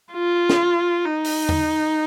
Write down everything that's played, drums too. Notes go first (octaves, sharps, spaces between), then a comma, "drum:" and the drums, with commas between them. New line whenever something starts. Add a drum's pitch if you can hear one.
F4
drum: snare
D#4
drum: open hi-hat
drum: tom E2